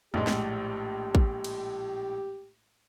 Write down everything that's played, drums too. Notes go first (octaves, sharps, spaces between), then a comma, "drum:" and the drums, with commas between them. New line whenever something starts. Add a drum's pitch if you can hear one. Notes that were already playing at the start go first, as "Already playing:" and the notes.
A#1 A2 G#3 G4, drum: tom G#3
drum: snare
drum: kick
drum: cymbal